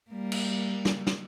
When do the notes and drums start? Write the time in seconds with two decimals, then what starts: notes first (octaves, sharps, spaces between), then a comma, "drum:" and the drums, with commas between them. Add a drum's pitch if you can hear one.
0.11 G3 A#3
0.32 drum: cymbal
0.85 drum: snare
1.07 drum: snare